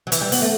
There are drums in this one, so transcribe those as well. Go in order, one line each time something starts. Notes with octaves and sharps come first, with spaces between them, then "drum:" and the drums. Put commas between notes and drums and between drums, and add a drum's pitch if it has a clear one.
F#3
E3, drum: hi-hat
G3
B3, drum: open hi-hat
A3